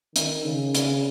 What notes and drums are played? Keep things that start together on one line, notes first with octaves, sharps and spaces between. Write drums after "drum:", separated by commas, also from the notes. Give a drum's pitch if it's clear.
D#3, drum: hi-hat
C#3
C#3, drum: hi-hat